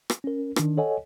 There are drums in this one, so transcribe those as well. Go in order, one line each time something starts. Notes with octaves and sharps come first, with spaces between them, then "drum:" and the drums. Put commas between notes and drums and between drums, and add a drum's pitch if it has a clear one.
drum: rim click
C#4 A#4
D#3 D4, drum: rim click
A4 C#5 D#5 F#5 G#5